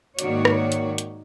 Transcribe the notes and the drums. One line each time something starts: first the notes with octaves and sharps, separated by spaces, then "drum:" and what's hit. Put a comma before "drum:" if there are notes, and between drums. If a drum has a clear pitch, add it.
G#2 D#3 A#3 F#4 C#5 D5, drum: hi-hat
drum: rim click
drum: hi-hat
drum: hi-hat